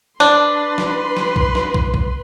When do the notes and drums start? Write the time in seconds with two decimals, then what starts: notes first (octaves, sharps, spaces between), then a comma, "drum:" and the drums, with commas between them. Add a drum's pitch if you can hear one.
0.20 D4 B4 C6 D6
0.78 drum: snare
1.17 drum: snare
1.36 drum: kick
1.55 drum: snare
1.74 drum: kick
1.94 drum: kick